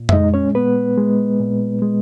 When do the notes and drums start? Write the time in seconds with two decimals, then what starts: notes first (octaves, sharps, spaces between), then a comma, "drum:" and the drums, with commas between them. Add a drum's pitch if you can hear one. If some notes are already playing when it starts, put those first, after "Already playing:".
Already playing: A#2
0.09 E5, drum: tom F2
0.13 G#3 D#4 D#5
0.34 C#4 C#5
0.55 A#2 B3 B4
0.98 G#3
1.40 A#2
1.82 G#3